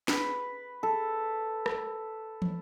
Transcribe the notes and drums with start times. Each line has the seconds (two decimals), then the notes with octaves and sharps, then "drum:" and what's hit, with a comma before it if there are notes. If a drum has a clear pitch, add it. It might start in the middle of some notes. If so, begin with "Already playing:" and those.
0.08 B4, drum: snare
0.83 A4
1.66 drum: rim click
2.42 drum: tom